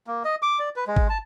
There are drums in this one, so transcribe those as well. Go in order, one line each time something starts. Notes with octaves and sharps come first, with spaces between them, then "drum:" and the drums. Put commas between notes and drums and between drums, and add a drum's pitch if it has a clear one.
A#3
D#5
D6
D5
B4
G#3
drum: kick
A5